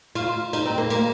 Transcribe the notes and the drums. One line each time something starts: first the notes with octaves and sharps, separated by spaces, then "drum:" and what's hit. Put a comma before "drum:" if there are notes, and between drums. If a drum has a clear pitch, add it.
F4, drum: cymbal
D#4, drum: cymbal
C4
A#3
A#3, drum: cymbal